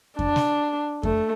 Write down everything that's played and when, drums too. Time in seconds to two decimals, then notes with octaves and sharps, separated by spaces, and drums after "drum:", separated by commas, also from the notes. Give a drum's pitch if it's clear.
0.19 D4, drum: kick F2
0.36 drum: snare
1.03 A3, drum: kick F2